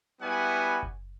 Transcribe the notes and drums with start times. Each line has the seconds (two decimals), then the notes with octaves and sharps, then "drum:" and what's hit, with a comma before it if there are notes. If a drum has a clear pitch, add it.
0.21 G3 B3 E4 F#4 F#5 G#5
0.83 drum: kick F#1